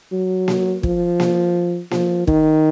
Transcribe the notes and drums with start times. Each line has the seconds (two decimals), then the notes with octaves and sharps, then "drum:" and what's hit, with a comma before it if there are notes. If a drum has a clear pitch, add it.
0.12 F#3
0.48 drum: snare A#3
0.83 F3, drum: kick
1.20 drum: snare A#3
1.91 F3, drum: snare A#3
2.27 D#3, drum: kick